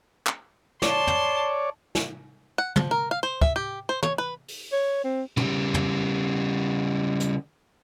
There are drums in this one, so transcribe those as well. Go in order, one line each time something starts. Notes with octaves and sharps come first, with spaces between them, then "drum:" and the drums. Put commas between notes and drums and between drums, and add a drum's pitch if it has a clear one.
drum: clap
C#5 D5 A5 C6, drum: snare
drum: tom
drum: snare
F#5
F3, drum: tom
A#4
F5
C5
E5, drum: kick
G4
C5
C#5, drum: tom
B4
drum: open hi-hat
C#5
C4
C#3 G3, drum: tom
drum: tom
drum: hi-hat